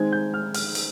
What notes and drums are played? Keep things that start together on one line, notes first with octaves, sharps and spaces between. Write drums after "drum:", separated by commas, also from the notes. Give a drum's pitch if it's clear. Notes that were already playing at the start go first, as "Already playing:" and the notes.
Already playing: D#3 G#3 C4 D#4 G#6
G6
F6
F6, drum: open hi-hat
drum: open hi-hat